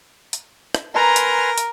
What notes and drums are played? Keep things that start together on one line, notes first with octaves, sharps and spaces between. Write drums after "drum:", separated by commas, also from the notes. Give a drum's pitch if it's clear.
drum: hi-hat
drum: rim click
A#4 B4 G#5 A#5 C6
drum: hi-hat
drum: hi-hat